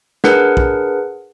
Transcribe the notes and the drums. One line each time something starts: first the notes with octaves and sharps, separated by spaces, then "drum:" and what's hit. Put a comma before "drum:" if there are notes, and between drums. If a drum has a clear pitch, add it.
D4 G#4 A#4 B4 F#5, drum: snare
drum: kick